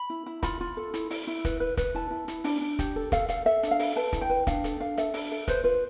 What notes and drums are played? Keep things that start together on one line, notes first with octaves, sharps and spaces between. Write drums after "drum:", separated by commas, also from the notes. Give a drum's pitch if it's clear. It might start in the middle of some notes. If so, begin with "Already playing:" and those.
Already playing: B5
E4
E4
F4 B5, drum: kick, hi-hat
F4
A4
E4, drum: hi-hat
E4, drum: open hi-hat
E4
B4, drum: kick, hi-hat
B4
B4, drum: kick, hi-hat
E4 A5
E4
E4, drum: hi-hat
D4, drum: open hi-hat
D4
G4, drum: kick, hi-hat
A4
A4 F5, drum: kick, hi-hat
A4 F5, drum: hi-hat
A4 E5
D4, drum: hi-hat
F5
A4, drum: open hi-hat
B4 A5
E4, drum: kick, hi-hat
G5
B4
D4 F5, drum: kick, hi-hat
A4, drum: hi-hat
D4 F5
A4 E5, drum: hi-hat
D4, drum: open hi-hat
A4
B4 C5, drum: kick, hi-hat
F4 B4